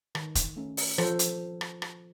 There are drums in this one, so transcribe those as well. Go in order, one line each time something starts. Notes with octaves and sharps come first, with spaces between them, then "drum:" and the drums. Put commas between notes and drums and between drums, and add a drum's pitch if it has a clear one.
D#3, drum: rim click
drum: kick F1, hi-hat
A3 C#4
drum: open hi-hat
F3 A4 C5, drum: rim click
drum: hi-hat
drum: rim click
drum: rim click